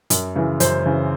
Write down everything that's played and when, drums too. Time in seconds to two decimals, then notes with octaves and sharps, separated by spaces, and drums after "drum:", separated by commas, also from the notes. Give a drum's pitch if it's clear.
0.10 F#2, drum: hi-hat
0.36 C#3 E3
0.60 F#2 C5, drum: hi-hat
0.86 C#3 E3